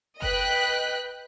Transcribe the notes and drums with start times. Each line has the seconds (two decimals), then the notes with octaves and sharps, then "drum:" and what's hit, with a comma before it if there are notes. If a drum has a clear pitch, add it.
0.22 B4 D#5 G5 F#6 B6, drum: kick F#1